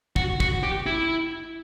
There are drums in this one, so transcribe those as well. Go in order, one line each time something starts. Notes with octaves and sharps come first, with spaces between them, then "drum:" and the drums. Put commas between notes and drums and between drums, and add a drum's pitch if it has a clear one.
F#4, drum: kick
F#4, drum: kick
G4
E4